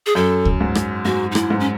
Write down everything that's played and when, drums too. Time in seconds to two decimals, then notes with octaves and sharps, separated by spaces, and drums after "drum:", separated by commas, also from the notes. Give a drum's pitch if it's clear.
0.06 G#4
0.15 F#2 A4
0.45 drum: kick C#2
0.61 G#2
0.75 drum: rim click
1.05 G#2 F#4
1.32 D#4
1.35 E4, drum: rim click
1.50 G#2
1.60 C#4